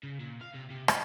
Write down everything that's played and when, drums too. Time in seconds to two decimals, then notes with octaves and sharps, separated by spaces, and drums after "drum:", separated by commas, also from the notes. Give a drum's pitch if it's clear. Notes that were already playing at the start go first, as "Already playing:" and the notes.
0.03 C#3
0.20 A#2
0.42 F5
0.54 C3
0.70 C3
0.88 D#4, drum: rim click